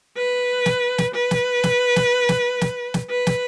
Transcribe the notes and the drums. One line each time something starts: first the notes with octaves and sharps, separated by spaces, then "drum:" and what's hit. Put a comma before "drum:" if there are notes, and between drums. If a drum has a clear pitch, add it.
B4
drum: snare
drum: snare
B4
drum: snare
drum: snare
drum: snare
drum: snare
drum: snare
drum: snare
B4
drum: snare